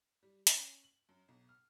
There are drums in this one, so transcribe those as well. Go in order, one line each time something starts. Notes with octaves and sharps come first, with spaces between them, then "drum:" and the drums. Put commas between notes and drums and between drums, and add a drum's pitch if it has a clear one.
G3
C#4, drum: hi-hat
F#7
F#2
B1
F6